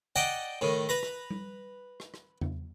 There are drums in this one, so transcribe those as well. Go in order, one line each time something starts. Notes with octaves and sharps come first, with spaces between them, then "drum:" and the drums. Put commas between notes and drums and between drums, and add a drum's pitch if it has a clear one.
D5 D#5 F#5 G5 A5
A2 D#3
B4 A#5, drum: rim click
drum: rim click
drum: tom G3
drum: rim click
drum: rim click
drum: tom E2